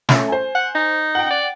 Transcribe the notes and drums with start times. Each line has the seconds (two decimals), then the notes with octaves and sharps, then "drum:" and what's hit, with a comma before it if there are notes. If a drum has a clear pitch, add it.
0.09 A3 C#4 A4, drum: snare
0.28 C5 G#5
0.55 F#5
0.75 D#4
1.15 F#5 G5
1.30 D5